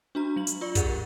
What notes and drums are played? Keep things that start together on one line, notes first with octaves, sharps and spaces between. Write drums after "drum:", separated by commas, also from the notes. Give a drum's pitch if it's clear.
D4 F#4 A#5
F#3 F#7
drum: hi-hat
F4 D5 C#6
G4 G#4 A#4 F#5, drum: kick, hi-hat